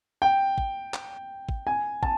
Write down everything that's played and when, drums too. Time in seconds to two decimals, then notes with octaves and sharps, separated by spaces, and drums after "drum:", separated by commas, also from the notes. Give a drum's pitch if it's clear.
0.22 G5
0.58 drum: kick
0.94 drum: clap
1.49 drum: kick
1.67 G#5
2.03 A5, drum: kick